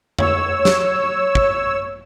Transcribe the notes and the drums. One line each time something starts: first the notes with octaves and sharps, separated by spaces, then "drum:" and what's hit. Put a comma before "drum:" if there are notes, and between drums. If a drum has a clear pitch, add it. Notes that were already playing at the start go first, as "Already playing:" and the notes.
C#5 E6, drum: tom F2
drum: snare
drum: kick